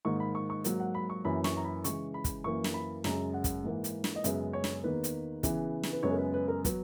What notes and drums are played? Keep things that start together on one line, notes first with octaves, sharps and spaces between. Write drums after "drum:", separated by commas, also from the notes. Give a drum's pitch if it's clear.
G#2 D#3 A#3 C#6
B5
C#6
C#6
G#2 F#3 A#3, drum: hi-hat
F#5
B5
C#6
F#2 E3 A#3 B5
C#6, drum: snare
A#5
B5
C#3 E3 G#3 C#6, drum: hi-hat
B5
drum: kick, hi-hat
F#2 E3 A#3 C#6
drum: snare
B5
F#2 C#3 G#3 A#5, drum: snare
F#5
drum: kick, hi-hat
G#2 E3 A#3
drum: hi-hat
drum: snare
D#5
F#2 C#3 G#3 B3 E5, drum: hi-hat
C#5
drum: snare
E2 D#3 A#3 B4
drum: hi-hat
C#3 E3 B3, drum: kick, hi-hat
drum: snare
B4
F#2 C#3 G#3 B3 C#5
A#4
B4
B4
A#4
F#3 B3, drum: kick, hi-hat